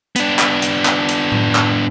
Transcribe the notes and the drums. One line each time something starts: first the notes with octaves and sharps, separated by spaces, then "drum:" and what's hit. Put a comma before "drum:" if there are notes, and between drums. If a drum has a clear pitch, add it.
B3 D4, drum: hi-hat
drum: clap
drum: hi-hat
drum: clap
drum: hi-hat
drum: tom A2
drum: clap